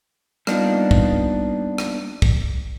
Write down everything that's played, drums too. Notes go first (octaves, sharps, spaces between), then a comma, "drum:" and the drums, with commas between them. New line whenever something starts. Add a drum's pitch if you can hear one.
G3 A#3 B3 D4 D#4 F4, drum: rim click
drum: kick
drum: rim click
drum: kick